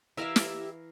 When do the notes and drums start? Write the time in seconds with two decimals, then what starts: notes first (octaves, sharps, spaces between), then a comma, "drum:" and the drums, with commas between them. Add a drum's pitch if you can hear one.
0.17 E3 E4 G4 A#4 E5 F5
0.36 drum: snare